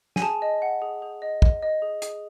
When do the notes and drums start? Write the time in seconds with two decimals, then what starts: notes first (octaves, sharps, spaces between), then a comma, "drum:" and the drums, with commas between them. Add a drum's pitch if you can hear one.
0.16 G#5, drum: snare
0.22 G#4 A5
0.42 D#5
0.62 F#5
0.82 G#4
1.02 G#4
1.22 D#5
1.42 D#5, drum: kick
1.62 D#5
1.82 G#4
2.02 G#4, drum: hi-hat